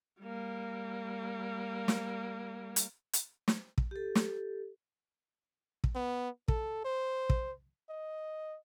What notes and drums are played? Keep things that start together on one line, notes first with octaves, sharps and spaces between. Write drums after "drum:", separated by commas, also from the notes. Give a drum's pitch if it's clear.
G3 A#3
drum: snare
drum: hi-hat
drum: hi-hat
drum: snare
drum: kick
G4 A4
drum: snare
drum: kick
B3
A4, drum: kick
C5
drum: kick
D#5